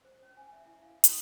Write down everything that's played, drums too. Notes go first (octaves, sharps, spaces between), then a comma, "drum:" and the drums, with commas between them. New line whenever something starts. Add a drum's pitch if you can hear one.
C5
C#4
G#5
E5
E4
F5
D#6, drum: hi-hat